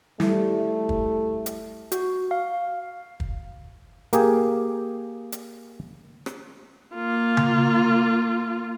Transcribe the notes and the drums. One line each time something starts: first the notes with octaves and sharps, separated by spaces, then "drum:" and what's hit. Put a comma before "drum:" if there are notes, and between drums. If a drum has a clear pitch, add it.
G3 A3 E4, drum: snare
drum: kick
drum: hi-hat
F#4, drum: hi-hat
F5
drum: kick
A#3 G4 G#4, drum: hi-hat
drum: hi-hat
drum: rim click
A#3 F4
drum: tom C#3